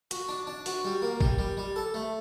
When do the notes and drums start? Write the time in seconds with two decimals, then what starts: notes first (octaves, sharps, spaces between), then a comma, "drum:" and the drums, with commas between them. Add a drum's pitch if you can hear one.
0.11 F#4, drum: hi-hat
0.29 D4
0.47 D4
0.66 F#4, drum: open hi-hat
0.85 G3
1.02 A#3
1.21 G3, drum: kick
1.39 G3
1.57 G3
1.76 A4
1.94 A3